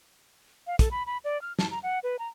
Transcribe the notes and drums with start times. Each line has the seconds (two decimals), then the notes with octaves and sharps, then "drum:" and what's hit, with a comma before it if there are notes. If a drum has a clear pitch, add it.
0.67 F5
0.79 A4, drum: kick, hi-hat
0.91 B5
1.06 B5
1.24 D5
1.42 F6
1.59 A5, drum: snare
1.71 A#5
1.83 F#5
2.03 B4
2.19 A#5